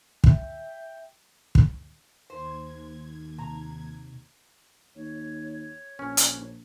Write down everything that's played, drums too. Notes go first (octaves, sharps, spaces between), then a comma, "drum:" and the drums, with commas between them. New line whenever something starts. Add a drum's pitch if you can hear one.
E5 G5, drum: kick
drum: kick
D#2 C5 G#6
C3 A#5
D#2 C#5
A#1 C#4
drum: hi-hat